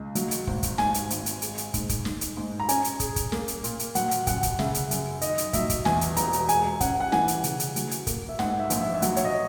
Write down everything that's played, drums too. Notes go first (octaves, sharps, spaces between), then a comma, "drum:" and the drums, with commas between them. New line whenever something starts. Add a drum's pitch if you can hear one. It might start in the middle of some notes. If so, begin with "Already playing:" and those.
Already playing: C#2
F#3, drum: hi-hat
drum: hi-hat
G#1, drum: kick
drum: kick, hi-hat
G#2 G#5, drum: snare
drum: hi-hat
G#1, drum: hi-hat
drum: hi-hat
G#3, drum: hi-hat
drum: hi-hat
G#2, drum: kick, hi-hat
drum: kick, hi-hat
D#3, drum: snare
drum: hi-hat
G#2
A#5
C#4 G#5, drum: hi-hat
drum: hi-hat
G#4, drum: kick, hi-hat
drum: kick, hi-hat
A#3, drum: snare
drum: hi-hat
A#2, drum: hi-hat
drum: hi-hat
F#3 F#5, drum: hi-hat
drum: hi-hat
F#2 F#5, drum: kick, hi-hat
drum: kick, hi-hat
C#3 E5, drum: snare
drum: hi-hat
F#2, drum: hi-hat
D#3 D#5, drum: hi-hat
drum: hi-hat
F#3 E5, drum: kick, hi-hat
drum: kick, hi-hat
E2 G#5, drum: snare
drum: hi-hat
E1 A#5, drum: hi-hat
drum: hi-hat
G#3 G#5, drum: hi-hat
C#4 F#5, drum: kick, hi-hat
F#5
E3 G#5, drum: snare
drum: hi-hat
C#3, drum: hi-hat
drum: hi-hat
F#3, drum: hi-hat
drum: hi-hat
A#3, drum: kick, hi-hat
E5
G#2 F#5, drum: snare
E5
A#1, drum: hi-hat
E5
E5
F#3 F#5, drum: hi-hat
C#5, drum: hi-hat
D#5